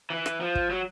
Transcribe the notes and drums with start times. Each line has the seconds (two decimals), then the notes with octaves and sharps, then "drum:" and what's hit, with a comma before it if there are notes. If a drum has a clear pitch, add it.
0.10 E3
0.26 drum: rim click
0.41 F3
0.55 drum: kick
0.70 F#3